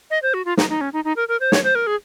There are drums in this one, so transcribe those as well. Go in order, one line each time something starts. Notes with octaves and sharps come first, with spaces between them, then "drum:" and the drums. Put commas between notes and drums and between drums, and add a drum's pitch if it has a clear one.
D#5
C5
F#4
F4
D#4, drum: snare
D#4
C#4
D#4
D#4
A#4
A#4
C5
C#5, drum: snare
C5
A#4
G#4